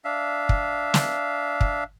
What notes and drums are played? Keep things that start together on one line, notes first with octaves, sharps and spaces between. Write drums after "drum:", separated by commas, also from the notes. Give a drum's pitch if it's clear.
D4 E5 F5
drum: kick
drum: snare
drum: kick